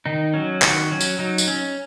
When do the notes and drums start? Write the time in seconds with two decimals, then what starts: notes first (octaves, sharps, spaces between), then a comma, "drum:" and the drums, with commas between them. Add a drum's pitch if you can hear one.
0.06 D#3 D#4
0.34 F#3 C#4
0.62 D#3 F#4, drum: clap
0.91 F#3 C#4
1.00 drum: tambourine
1.19 F#3 D#4
1.38 drum: tambourine
1.48 C#4